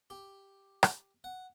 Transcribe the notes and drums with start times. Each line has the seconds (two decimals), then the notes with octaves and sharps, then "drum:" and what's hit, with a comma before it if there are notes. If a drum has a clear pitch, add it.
0.10 G4
0.83 drum: rim click
1.24 F#5